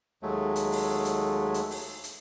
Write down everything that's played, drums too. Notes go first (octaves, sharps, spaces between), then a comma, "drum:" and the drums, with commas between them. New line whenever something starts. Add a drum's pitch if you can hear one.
D#2 F#3 G#3 A3
drum: hi-hat
drum: open hi-hat
drum: hi-hat
drum: hi-hat
drum: open hi-hat
drum: hi-hat